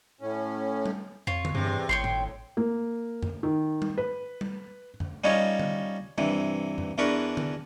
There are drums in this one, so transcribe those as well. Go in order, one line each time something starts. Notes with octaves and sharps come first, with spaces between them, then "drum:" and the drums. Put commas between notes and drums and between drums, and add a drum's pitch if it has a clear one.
A2 C#4
drum: tom G3
F2 F4 C#5
drum: tom D3
E2 G2 C3
G#1 A2 C#5 G5 C6
drum: tom A2
A#3
drum: tom F2
D#3
drum: tom G3
B4
drum: tom G3
drum: tom F2
G3 C#4 D#4 F4 C#5 D#5
drum: tom D3
G2 C3 E3, drum: tom G3
drum: tom F2
E2 E3 D4 A#4 B4 C#6
drum: tom D3